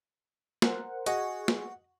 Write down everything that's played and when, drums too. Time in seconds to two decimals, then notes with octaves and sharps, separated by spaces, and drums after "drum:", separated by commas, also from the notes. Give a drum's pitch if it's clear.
0.62 A#4 C5 F#5, drum: snare
1.06 F#4 G#4 D#5 G#5 C#6, drum: hi-hat
1.48 drum: snare